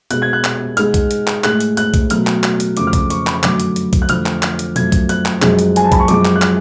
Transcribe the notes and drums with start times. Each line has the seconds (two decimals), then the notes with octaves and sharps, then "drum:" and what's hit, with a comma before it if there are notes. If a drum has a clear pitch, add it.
0.11 B2 G#3 F#6, drum: hi-hat
0.22 G#6
0.33 F#6
0.44 drum: clap
0.77 G#2 G#3 F6, drum: hi-hat
0.94 drum: kick B1, hi-hat
1.11 drum: hi-hat
1.27 drum: clap
1.44 A2 G#3 F#6, drum: clap
1.60 drum: hi-hat
1.77 F#6, drum: hi-hat
1.94 drum: kick B1, hi-hat
2.10 B2 F#3 A3 F6, drum: hi-hat
2.27 drum: clap
2.43 drum: clap
2.60 drum: hi-hat
2.77 F2 C#3 F3 A3 D6, drum: hi-hat
2.87 F6
2.93 D6, drum: kick B1, hi-hat
3.10 C#6, drum: hi-hat
3.27 B5, drum: clap
3.43 F#2 D3 F#3 A3 D6, drum: clap
3.60 drum: hi-hat
3.76 drum: hi-hat
3.93 drum: kick B1, hi-hat
4.02 F#6
4.09 F2 D3 F3 A3 F6, drum: hi-hat
4.26 drum: clap
4.42 drum: clap
4.59 drum: hi-hat
4.76 F#2 F3 A3 G#6, drum: hi-hat
4.92 drum: kick B1, hi-hat
5.09 F#6, drum: hi-hat
5.25 drum: clap
5.42 F#2 F3 G#3, drum: clap
5.59 drum: hi-hat
5.76 G#5, drum: hi-hat
5.84 A5
5.92 B5, drum: kick B1, hi-hat
6.00 C#6
6.08 F#2 F3 G#3 D6, drum: hi-hat
6.25 drum: clap
6.36 F#6
6.42 F6, drum: clap